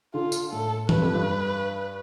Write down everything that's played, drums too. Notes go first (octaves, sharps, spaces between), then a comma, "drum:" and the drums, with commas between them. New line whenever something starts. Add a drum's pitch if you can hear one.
D3 F4
drum: tambourine
A2 A4
G2 B4, drum: tom E3
F2
G2